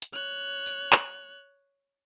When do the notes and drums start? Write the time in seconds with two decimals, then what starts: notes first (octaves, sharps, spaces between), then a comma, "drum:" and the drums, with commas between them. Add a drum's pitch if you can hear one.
0.02 drum: hi-hat
0.13 C#5 F#6
0.66 drum: tambourine
0.93 drum: clap